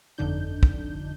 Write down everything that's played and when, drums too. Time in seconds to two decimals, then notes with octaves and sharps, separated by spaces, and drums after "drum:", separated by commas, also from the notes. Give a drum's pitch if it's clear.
0.18 G1 F2 D3 D4 D#4 G6
0.63 drum: kick